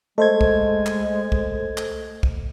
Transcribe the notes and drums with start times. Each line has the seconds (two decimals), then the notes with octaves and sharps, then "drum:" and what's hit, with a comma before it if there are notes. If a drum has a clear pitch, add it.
0.18 G#3 A3 A4 C5 D#5 G#6
0.41 drum: kick
0.86 drum: clap
1.32 drum: kick
1.78 drum: clap
2.23 drum: kick